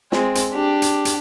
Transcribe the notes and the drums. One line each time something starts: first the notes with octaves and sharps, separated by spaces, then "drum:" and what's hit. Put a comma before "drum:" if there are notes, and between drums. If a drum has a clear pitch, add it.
G#3 C4, drum: snare
drum: hi-hat
D4 G4
drum: hi-hat
drum: hi-hat